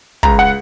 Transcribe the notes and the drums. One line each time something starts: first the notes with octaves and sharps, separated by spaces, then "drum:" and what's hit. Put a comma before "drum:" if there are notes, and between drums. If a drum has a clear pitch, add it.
C#2 A#5, drum: kick
F#5